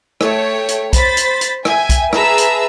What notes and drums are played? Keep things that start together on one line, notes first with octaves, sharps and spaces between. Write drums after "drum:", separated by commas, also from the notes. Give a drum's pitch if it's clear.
A3 C#5 G5, drum: rim click
drum: hi-hat
C5 B5 A6 B6, drum: kick B1, hi-hat
drum: hi-hat
drum: hi-hat
E5 G5 G#5, drum: rim click
drum: kick B1, hi-hat
G#4 B4 E5 A5 A#5 E6, drum: rim click
drum: hi-hat